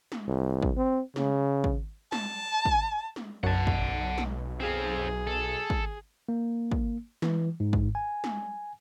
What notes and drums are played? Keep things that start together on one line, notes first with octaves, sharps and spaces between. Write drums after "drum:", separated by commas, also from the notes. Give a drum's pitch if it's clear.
drum: snare
C2
drum: kick
C4
C#3, drum: snare
drum: kick
A5, drum: snare
drum: kick
drum: snare
B1 F#2 F#5 A5
drum: kick
drum: snare
C4 G#4 F5
A4
drum: kick
A#3
drum: kick
E3, drum: snare
G#2
drum: kick
G#5
drum: snare